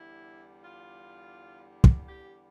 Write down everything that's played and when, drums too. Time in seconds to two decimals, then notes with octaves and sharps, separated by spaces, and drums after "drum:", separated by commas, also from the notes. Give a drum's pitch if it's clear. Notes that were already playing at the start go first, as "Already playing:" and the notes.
Already playing: E2 D3 G3 E4
0.63 F4
1.84 drum: kick
2.08 G4